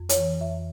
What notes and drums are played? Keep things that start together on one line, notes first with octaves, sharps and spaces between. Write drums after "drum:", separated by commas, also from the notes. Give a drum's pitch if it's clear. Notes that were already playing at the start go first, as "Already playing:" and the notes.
Already playing: F2
C#5, drum: hi-hat
E3
F2 E5